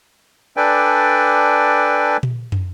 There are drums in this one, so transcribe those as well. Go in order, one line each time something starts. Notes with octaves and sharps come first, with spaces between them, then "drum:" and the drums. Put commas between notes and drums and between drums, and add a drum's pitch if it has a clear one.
D4 A4 B4 D5 G5 G#5
drum: tom A#2
drum: tom